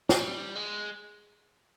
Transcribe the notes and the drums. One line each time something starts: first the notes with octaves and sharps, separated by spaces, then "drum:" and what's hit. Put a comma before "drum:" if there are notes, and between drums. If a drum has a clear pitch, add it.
F#3, drum: snare
G3
G#3